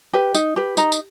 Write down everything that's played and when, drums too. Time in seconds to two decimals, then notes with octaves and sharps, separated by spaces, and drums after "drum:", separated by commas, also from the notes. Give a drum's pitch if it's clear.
0.13 G4 B4
0.34 D#4, drum: tambourine
0.56 G4 B4
0.77 D#4 A#5, drum: tambourine
0.92 drum: tambourine